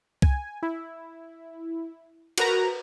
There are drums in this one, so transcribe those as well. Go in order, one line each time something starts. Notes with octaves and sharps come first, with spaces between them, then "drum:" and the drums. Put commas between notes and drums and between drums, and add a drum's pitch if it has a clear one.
G#5, drum: kick C2
E4
F#4 A#4 B4 A#5, drum: cymbal